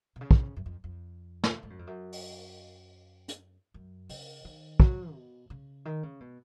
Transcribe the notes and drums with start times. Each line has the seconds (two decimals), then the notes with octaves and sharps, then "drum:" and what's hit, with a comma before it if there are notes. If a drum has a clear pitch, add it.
0.16 B2
0.21 C#3
0.31 drum: kick
0.56 F#2
0.66 F2
0.84 F2
1.44 drum: snare
1.63 G#2
1.70 F#2
1.79 F2
1.87 F#2
2.13 drum: open hi-hat
3.29 drum: hi-hat
3.74 F#2
4.09 C#3, drum: open hi-hat
4.45 D#3
4.80 F#3, drum: kick
5.14 B2
5.50 C#3
5.85 D#3
6.03 C#3
6.20 B2